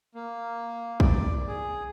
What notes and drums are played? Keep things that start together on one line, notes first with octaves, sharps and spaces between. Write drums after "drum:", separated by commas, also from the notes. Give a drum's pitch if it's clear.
A#3
D5, drum: kick A#1
G#4